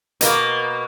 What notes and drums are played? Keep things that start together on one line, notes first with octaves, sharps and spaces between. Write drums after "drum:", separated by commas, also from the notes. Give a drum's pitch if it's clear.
B2 A#3, drum: hi-hat